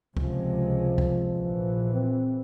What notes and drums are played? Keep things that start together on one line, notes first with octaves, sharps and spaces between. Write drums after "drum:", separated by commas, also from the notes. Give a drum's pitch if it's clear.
C#2 C3 F3 G#3, drum: kick
drum: kick
A#1 E3
C4